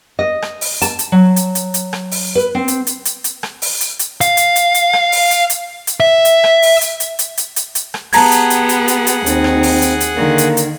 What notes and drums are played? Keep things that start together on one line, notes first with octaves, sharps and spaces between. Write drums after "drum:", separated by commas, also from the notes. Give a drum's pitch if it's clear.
D#5
drum: rim click
drum: open hi-hat
A5, drum: hi-hat
drum: hi-hat
F#3
drum: hi-hat
drum: hi-hat
drum: hi-hat
drum: rim click
drum: open hi-hat
B4
C4
drum: hi-hat
drum: hi-hat
drum: hi-hat
drum: hi-hat
drum: rim click
drum: open hi-hat
drum: hi-hat
drum: hi-hat
F5, drum: hi-hat
drum: hi-hat
drum: hi-hat
drum: hi-hat
drum: rim click
drum: open hi-hat
drum: hi-hat
drum: hi-hat
drum: hi-hat
E5
drum: hi-hat
drum: rim click
drum: open hi-hat
drum: hi-hat
drum: hi-hat
drum: hi-hat
drum: hi-hat
drum: hi-hat
drum: hi-hat
drum: rim click
B3 G4 G#4 F#5 A5 A#5 G#6, drum: open hi-hat
drum: hi-hat
drum: hi-hat
drum: hi-hat
drum: hi-hat
drum: hi-hat
D#2 C4 D#4, drum: hi-hat
drum: rim click
drum: open hi-hat
drum: hi-hat
drum: hi-hat
D3 D#3 A#3
drum: hi-hat
drum: hi-hat